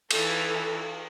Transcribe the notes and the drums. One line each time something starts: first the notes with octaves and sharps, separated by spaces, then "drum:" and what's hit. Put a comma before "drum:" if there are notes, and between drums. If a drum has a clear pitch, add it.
E3 A4, drum: cymbal